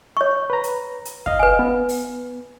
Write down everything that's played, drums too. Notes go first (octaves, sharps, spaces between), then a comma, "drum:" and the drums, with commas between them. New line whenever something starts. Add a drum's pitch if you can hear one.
C#5 C#6
B4 A#5
drum: hi-hat
drum: hi-hat
D#5 F5, drum: kick
B4 G#5
B3
drum: open hi-hat